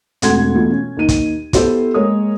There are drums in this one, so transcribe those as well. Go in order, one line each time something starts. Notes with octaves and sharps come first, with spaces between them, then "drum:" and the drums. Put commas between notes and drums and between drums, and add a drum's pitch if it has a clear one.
E1 F2 A3 F#5 C6 G#6, drum: hi-hat
B2 E3 A3 F4
C#4
D#2 D#4 D#7
drum: kick, hi-hat
B3 E4 G4 A4 C5, drum: kick, hi-hat
G#3 A#3 A#4 C#5 D#6